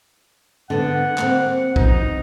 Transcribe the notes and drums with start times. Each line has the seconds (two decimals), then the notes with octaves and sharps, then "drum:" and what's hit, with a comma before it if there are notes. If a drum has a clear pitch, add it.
0.70 D3 B3 F#5
1.18 A#3 C4, drum: clap
1.76 D#4, drum: kick A#1